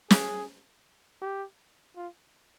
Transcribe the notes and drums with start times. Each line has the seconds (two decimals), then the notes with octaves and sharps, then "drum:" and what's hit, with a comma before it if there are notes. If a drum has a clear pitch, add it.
0.11 G#4, drum: snare
1.22 G4
1.96 F4